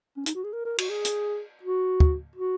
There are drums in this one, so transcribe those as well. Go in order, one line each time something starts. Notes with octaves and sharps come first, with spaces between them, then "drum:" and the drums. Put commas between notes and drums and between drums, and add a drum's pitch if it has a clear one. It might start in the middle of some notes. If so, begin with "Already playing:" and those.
C#4
D#4, drum: hi-hat
F#4
G#4
A#4
A#4
F#4, drum: cymbal
G#4
drum: hi-hat
F#4
drum: kick
F#4